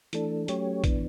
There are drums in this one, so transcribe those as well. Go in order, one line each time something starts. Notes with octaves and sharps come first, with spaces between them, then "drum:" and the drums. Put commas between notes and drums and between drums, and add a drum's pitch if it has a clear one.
E3 A3 D4 A4, drum: hi-hat
F#3 A3 C#4 G4 C#5, drum: hi-hat
E3 B3 D4, drum: kick, hi-hat